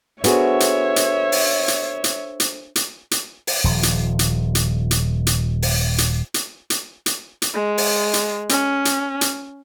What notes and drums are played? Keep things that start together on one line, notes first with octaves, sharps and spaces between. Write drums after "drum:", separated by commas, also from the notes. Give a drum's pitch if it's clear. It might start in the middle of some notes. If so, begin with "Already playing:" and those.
B3 D4 F#4 G#4 A4 C5 C#5 E5, drum: hi-hat
drum: hi-hat
drum: hi-hat
drum: open hi-hat
drum: hi-hat
drum: hi-hat
drum: hi-hat
drum: hi-hat
drum: hi-hat
drum: open hi-hat
D#1 F3
drum: hi-hat
drum: hi-hat
drum: hi-hat
drum: hi-hat
drum: hi-hat
drum: open hi-hat
drum: hi-hat
drum: hi-hat
drum: hi-hat
drum: hi-hat
drum: hi-hat
G#3
drum: open hi-hat
drum: hi-hat
C#4, drum: hi-hat
drum: hi-hat
drum: hi-hat